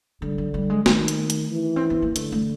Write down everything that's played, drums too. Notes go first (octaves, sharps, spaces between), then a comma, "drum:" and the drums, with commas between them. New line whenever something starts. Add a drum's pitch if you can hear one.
D3 G3
F#3
G3
G#3
D#3 A3, drum: snare
drum: hi-hat
drum: hi-hat
E3
C4
B3
A#3
D3 A3, drum: hi-hat
A3